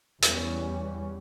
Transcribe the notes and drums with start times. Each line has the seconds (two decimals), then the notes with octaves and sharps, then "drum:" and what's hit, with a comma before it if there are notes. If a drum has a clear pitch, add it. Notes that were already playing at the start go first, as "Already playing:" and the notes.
0.22 E2 E3 G3 C#4, drum: hi-hat